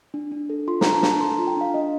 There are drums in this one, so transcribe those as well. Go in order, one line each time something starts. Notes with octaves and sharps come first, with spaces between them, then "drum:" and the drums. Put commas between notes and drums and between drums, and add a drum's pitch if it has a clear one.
D4
D4
A4
F4 C6
A#5, drum: snare
D4
A5
D4 A#5, drum: snare
A4 C6
A#5
F4
G5
D4 F5
D4 D#5